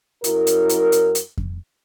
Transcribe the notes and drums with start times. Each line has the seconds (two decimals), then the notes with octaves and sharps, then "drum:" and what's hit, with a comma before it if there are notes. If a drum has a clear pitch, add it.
0.24 F#2 E4 F#4 A#4, drum: hi-hat
0.47 drum: hi-hat
0.69 drum: hi-hat
0.92 drum: hi-hat
1.15 drum: hi-hat
1.38 drum: kick F2